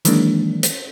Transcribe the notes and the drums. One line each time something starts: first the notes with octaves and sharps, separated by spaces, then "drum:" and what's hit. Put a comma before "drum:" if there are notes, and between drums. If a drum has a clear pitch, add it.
D#3 E3 F#3 G#3 A#3 D4, drum: hi-hat
drum: hi-hat